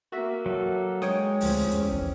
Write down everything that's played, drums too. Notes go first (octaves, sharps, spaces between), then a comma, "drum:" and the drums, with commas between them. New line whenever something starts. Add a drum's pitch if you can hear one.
A#3 F#4 E5
F#3 A4
G#3 C#5 G5 D#6, drum: snare
D2 F3 C4 G4, drum: open hi-hat
E2 C#4, drum: hi-hat
drum: kick